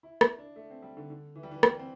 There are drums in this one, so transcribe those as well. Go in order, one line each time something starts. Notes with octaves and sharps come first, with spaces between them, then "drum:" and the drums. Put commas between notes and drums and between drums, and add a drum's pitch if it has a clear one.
E4
drum: rim click
D4
A3
C4
G3
D3
D3
E3
G3
E3
G3, drum: rim click
C4